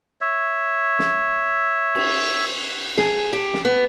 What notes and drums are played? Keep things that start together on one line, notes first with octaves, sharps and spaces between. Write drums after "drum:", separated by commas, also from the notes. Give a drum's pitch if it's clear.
C#5 E5
drum: snare
drum: cymbal
G#4, drum: snare
G4
drum: snare
B3